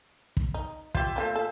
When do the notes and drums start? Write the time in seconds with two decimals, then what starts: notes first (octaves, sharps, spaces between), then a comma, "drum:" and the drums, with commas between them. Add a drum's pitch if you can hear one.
0.37 drum: kick
0.54 D#4
0.95 F4 G4 C5 E5, drum: kick
1.16 A#2 A3 E4 F4 C5
1.36 A4